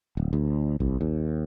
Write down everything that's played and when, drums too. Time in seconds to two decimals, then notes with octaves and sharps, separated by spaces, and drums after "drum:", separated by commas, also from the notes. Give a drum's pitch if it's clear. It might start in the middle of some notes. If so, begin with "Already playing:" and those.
0.17 D1
0.33 D2
0.80 C2, drum: kick A1
1.01 D#2